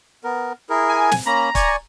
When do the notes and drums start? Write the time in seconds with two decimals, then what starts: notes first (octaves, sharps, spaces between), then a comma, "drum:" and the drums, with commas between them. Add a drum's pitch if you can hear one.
0.24 B3 A#4
0.69 E4 G#4 A#4
0.89 G#5
1.11 drum: snare
1.26 A#3 C#4 A#5 B5
1.55 D5 G#5 C#6, drum: kick, hi-hat